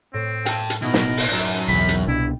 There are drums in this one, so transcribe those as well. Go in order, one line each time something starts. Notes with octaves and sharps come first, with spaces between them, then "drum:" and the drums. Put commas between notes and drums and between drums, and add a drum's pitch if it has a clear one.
A2 C4
G5 A5, drum: hi-hat
drum: hi-hat
B2 D#4 E4 A#4
drum: snare
drum: open hi-hat
F#2 A5 B5 F#6
B1 E2 G5 B5
drum: hi-hat
C2 B2 D4 E4